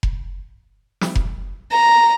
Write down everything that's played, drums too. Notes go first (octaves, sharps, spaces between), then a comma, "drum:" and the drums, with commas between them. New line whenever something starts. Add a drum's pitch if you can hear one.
drum: kick F1
drum: snare
drum: kick F1
A#5